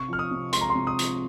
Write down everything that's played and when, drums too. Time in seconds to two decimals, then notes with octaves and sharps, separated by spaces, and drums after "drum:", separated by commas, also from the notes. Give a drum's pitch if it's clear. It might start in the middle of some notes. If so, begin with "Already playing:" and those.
Already playing: C3 C#6
0.08 F3 F6
0.19 D#6
0.31 C3
0.53 G#3 C6, drum: hi-hat
0.61 A#5
0.70 C6
0.75 C3
0.87 D#6
0.99 F3, drum: hi-hat